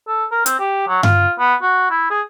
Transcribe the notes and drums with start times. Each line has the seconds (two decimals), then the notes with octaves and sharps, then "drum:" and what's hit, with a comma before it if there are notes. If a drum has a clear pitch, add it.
0.08 A4
0.32 A#4
0.46 C4, drum: hi-hat
0.59 G4
0.88 F#3
1.03 F4, drum: tom G2
1.39 B3
1.62 F#4
1.90 E4
2.11 G#4